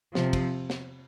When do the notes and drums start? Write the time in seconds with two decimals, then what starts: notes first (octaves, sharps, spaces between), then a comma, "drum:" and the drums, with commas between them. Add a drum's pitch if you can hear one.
0.15 C3 F3, drum: snare
0.33 drum: kick, cymbal
0.70 drum: snare